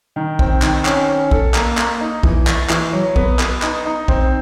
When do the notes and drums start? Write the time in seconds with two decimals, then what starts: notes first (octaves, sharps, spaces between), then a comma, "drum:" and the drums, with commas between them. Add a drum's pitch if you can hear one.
0.16 D#3
0.39 C4, drum: kick
0.62 D#3, drum: clap
0.85 C#4, drum: clap
1.09 C#4
1.31 A4, drum: kick
1.54 A#3, drum: clap
1.77 A#3, drum: clap
2.01 D#4
2.23 E3, drum: kick
2.47 E4, drum: clap
2.70 E3, drum: clap
2.93 F#3
3.16 B3, drum: kick
3.39 B3, drum: clap
3.62 D#4, drum: clap
3.85 D#4
4.08 C4, drum: kick